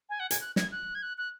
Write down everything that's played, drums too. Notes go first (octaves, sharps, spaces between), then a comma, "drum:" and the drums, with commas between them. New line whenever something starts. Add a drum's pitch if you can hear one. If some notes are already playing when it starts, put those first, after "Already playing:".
G#5
F#5
G#5, drum: hi-hat
F#6
G#6, drum: snare
F#6
G#6
F#6
F#6